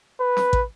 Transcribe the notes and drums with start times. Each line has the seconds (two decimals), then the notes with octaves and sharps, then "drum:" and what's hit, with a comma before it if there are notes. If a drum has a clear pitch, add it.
0.20 B4
0.37 drum: snare
0.53 drum: kick